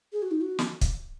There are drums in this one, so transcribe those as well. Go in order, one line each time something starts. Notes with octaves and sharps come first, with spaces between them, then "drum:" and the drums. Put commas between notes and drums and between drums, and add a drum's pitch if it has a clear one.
G#4
F#4
D#4
F#4
drum: snare
drum: kick, hi-hat